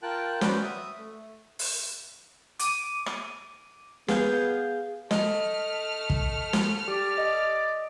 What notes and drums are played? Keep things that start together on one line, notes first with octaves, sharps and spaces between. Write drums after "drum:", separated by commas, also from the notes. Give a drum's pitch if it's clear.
F4 A#4 G5 A5 F#6
C#4 F#4 B4 C5 D5, drum: snare
E5 D#6
A3
drum: open hi-hat
D6 D#7, drum: hi-hat
drum: rim click
B3 G#4 F5 G6, drum: snare
A3 D#5 F6, drum: snare
drum: kick
drum: snare
G4 D5
D#5